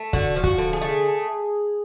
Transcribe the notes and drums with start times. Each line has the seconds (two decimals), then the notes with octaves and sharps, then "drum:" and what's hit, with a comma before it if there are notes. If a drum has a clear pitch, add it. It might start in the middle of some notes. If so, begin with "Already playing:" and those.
Already playing: A3
0.13 D3 F#4, drum: kick
0.36 F3
0.44 F#4, drum: kick
0.58 D3
0.73 G#4
0.82 A3